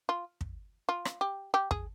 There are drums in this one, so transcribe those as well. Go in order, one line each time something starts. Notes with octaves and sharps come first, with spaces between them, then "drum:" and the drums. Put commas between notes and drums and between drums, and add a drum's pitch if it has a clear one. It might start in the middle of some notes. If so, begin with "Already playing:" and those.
F4
drum: kick
F4
drum: rim click
G4
G4
G#4, drum: kick